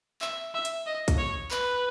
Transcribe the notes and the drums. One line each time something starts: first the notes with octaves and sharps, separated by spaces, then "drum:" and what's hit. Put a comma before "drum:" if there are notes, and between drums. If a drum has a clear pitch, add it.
E5, drum: clap
E5
drum: hi-hat
D#5
drum: kick, hi-hat
C#5
B4, drum: clap